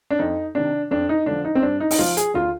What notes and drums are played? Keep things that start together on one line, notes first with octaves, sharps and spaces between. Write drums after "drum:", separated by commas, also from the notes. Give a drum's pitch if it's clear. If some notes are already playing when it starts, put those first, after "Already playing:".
D4
F2 D#4
C3 D#3 D4
F2 D4
D#4
D3 F3 D4
D#4
C4
G2 D4
D#4
D#4, drum: open hi-hat
F3 F4
G#4, drum: hi-hat
D2 F4